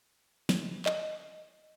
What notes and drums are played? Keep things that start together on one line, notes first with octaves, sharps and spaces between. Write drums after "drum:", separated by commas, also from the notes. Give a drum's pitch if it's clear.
drum: snare
D#5, drum: clap